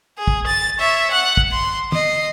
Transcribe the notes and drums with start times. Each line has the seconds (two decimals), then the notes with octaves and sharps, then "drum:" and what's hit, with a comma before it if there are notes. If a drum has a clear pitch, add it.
0.18 G#4
0.28 drum: kick
0.47 A6
0.79 C#5 E5
1.11 F#5 F#6
1.37 drum: kick
1.51 C6
1.92 D#5 C7, drum: tom